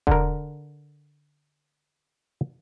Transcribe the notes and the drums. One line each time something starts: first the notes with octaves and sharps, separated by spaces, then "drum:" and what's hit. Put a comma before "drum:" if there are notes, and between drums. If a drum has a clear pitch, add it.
D3 A#4, drum: kick E1